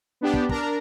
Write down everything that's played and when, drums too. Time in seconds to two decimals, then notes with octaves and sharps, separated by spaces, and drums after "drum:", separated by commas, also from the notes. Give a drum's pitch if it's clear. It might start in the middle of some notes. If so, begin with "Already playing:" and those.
0.21 B3 D4 G4
0.34 drum: kick
0.49 D4 A#4 A#5, drum: kick